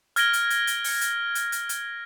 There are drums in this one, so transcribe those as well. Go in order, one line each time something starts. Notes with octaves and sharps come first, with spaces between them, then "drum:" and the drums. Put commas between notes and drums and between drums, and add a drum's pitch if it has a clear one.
F6 G#6 A#6 D7 G7, drum: hi-hat
drum: hi-hat
drum: hi-hat
drum: hi-hat
drum: open hi-hat
drum: hi-hat
drum: hi-hat
drum: hi-hat
drum: hi-hat